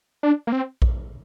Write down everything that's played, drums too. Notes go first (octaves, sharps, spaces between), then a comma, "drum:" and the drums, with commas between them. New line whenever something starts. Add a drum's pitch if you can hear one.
D4
A#3
C4
drum: kick A#1